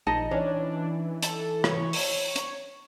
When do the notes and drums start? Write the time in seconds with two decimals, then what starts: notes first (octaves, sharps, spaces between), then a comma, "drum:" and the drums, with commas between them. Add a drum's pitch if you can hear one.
0.07 A#1 D#4 D#5 A5
0.31 E3 C#4 D4
1.23 A4, drum: hi-hat
1.64 C#5, drum: rim click
1.93 drum: open hi-hat
2.36 drum: hi-hat